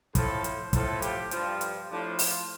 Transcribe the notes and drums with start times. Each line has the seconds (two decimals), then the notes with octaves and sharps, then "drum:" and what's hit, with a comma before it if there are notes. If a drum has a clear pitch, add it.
0.15 A2 F3 A4, drum: kick, hi-hat
0.44 C5, drum: hi-hat
0.73 A2 F3 A4, drum: kick, hi-hat
1.02 G4, drum: hi-hat
1.31 G2 F3 F4, drum: hi-hat
1.61 drum: hi-hat
1.90 A2 F3 D4
2.19 F4, drum: open hi-hat